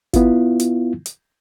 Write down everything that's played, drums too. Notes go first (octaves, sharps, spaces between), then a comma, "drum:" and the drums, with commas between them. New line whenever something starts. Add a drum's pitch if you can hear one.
B3 E4 F4, drum: kick G1, hi-hat
drum: hi-hat
drum: hi-hat